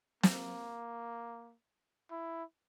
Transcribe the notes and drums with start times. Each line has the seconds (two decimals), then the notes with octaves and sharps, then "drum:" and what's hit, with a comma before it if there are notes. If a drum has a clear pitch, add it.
0.23 A#3, drum: snare
2.11 E4